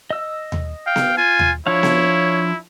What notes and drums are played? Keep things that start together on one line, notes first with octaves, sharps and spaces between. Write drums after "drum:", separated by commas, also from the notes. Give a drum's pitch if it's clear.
D#5 E6
drum: tom D#2
F5 G5
drum: snare B3
F4 G#5
drum: tom D#2
F3 D4 E4 C#5 F5
drum: snare B3